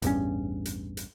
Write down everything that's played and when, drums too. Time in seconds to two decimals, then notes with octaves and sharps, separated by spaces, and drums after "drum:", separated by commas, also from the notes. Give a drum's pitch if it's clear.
0.02 A1 E2 G2 C#4, drum: hi-hat
0.65 drum: hi-hat
0.97 drum: hi-hat